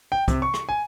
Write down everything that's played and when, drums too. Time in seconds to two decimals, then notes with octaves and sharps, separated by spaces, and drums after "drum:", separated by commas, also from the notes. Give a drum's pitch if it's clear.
0.12 G5
0.28 C3, drum: kick C2, hi-hat
0.42 C#6
0.54 drum: rim click
0.69 G#5